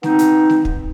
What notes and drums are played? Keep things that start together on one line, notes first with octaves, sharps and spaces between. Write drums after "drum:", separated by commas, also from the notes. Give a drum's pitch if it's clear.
B3 C4 D#4, drum: snare A3
drum: hi-hat
drum: snare A3
drum: kick